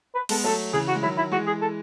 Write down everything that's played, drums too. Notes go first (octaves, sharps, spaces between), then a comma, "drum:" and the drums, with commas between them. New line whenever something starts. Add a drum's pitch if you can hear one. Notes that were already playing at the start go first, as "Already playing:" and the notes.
B4
G#3 B3 A4, drum: cymbal
F#3 A3 A4
C#3 E3 G#4
F#4
G#3
D#3 F#3 E4
E4
E3 G#3 F#4
G#4
A4